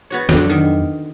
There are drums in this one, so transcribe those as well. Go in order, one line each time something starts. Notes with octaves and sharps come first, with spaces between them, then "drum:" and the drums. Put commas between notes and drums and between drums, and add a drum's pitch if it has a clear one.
B3 F#4 C#5
F2 D3 F#3 B3 F#4, drum: snare
D#3